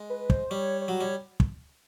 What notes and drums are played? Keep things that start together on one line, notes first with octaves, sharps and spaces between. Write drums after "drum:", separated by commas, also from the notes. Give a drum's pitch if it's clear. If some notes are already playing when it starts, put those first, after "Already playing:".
Already playing: G#3
B4
C5, drum: kick
G3 C#5
C#5
F#3
G3
drum: kick